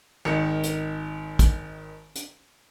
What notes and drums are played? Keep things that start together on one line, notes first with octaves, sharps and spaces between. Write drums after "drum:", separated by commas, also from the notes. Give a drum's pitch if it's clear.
G#1 D#3 C#7
drum: hi-hat
drum: kick, hi-hat
drum: hi-hat